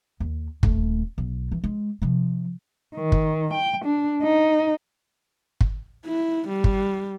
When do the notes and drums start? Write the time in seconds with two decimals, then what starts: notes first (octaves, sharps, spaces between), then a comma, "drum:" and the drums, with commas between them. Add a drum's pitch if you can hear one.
0.20 D#2
0.63 D#1 A3, drum: kick
1.18 B1
1.52 E3
1.64 G#3
2.02 C3 F3
2.96 D#3
3.12 drum: kick
3.53 G5
3.85 D4
4.23 D#4
5.61 drum: kick
6.06 E4
6.48 G3
6.64 drum: kick